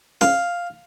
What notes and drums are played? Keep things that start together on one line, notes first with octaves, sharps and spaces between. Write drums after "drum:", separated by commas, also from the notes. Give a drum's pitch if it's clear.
F5, drum: snare